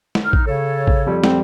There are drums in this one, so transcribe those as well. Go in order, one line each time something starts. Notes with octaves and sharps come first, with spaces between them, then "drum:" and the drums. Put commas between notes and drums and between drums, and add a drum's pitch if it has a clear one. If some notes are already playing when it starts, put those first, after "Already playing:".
drum: snare
D#4 F6
drum: kick A1
C#3 A4 C#5
drum: kick A1
F2 G3
C4, drum: snare